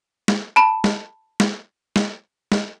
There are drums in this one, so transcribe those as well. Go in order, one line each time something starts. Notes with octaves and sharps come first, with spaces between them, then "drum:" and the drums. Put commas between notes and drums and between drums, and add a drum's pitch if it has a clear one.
drum: snare
A5 B5
drum: snare
drum: snare
drum: snare
drum: snare